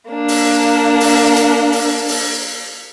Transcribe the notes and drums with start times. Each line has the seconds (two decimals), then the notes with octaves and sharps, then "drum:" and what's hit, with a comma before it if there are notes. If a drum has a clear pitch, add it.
0.10 A#3 D4
0.28 drum: open hi-hat
1.00 drum: open hi-hat
1.36 drum: hi-hat
1.72 drum: open hi-hat
2.08 drum: open hi-hat